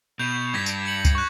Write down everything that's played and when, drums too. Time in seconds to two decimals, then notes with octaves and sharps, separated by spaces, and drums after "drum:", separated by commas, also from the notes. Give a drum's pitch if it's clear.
0.19 B2 G6 F7
0.54 G2 G#6 A#6 B6
0.66 drum: tambourine
0.85 G#6 C#7 F#7
1.05 drum: kick C#2, tambourine
1.15 C#6 F#6